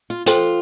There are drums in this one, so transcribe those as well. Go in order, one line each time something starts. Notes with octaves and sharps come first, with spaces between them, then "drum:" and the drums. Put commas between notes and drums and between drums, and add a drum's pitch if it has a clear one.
F4
F4 A4 C5 G5 C6, drum: hi-hat